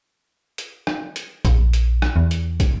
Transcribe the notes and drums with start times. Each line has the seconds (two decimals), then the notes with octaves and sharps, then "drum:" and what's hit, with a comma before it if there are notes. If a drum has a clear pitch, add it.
0.58 drum: hi-hat
0.87 drum: rim click
1.16 drum: hi-hat
1.45 A#1, drum: kick, hi-hat
1.73 drum: hi-hat
2.02 drum: rim click
2.16 E2
2.31 drum: hi-hat
2.60 drum: kick, hi-hat